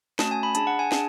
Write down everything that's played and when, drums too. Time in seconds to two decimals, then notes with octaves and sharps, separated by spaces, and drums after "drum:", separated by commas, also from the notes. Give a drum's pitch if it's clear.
0.19 A3 C#4 F#4 A5, drum: snare
0.31 G#5
0.43 B5
0.55 D4 G#4 A5, drum: hi-hat
0.67 F#5
0.79 G#5
0.92 D4 G#4 A5, drum: snare